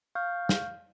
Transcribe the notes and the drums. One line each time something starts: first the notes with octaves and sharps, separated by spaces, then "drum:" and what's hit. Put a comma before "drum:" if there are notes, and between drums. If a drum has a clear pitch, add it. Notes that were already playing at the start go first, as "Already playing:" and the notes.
F5 C#6 F6 G6
drum: snare